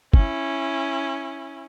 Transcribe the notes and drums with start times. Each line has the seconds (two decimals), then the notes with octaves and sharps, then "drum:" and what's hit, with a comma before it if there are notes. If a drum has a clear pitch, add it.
0.14 C#4 E4, drum: kick